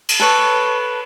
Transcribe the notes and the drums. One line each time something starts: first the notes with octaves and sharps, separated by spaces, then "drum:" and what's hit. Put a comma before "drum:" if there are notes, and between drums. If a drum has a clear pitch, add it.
drum: cymbal
A4 B4 C#5 C#6